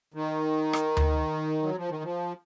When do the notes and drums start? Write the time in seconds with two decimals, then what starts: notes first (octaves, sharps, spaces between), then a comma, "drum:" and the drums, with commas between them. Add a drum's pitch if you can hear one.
0.14 D#3
0.73 drum: rim click
0.97 drum: tom D2
1.62 F#3
1.76 F3
1.90 D#3
2.03 F3